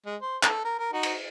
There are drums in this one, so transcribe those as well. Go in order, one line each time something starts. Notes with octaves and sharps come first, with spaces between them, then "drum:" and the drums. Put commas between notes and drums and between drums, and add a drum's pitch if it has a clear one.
G#3
C5
A4, drum: clap
A#4
A#4
D#4 F#4
drum: cymbal